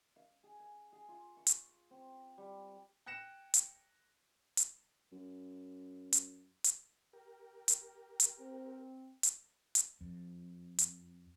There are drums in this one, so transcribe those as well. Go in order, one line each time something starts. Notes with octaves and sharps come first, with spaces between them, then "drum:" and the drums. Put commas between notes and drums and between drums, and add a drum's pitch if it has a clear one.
F5
G#4
G#5
G#4
F4
C#6
drum: hi-hat
C4
G3
G5 F#6 A#6 C#7 E7
drum: hi-hat
drum: hi-hat
F#2
drum: hi-hat
drum: hi-hat
G4 A#4
drum: hi-hat
drum: hi-hat
C4
drum: hi-hat
drum: hi-hat
F2
drum: hi-hat